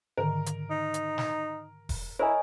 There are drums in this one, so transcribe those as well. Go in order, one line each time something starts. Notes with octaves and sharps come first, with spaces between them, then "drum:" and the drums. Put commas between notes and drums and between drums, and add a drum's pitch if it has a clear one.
G#2 D3 D#3 A#4
drum: hi-hat
D#4
drum: hi-hat
drum: snare
drum: kick E1, open hi-hat
E4 A#4 C#5 D#5 G#5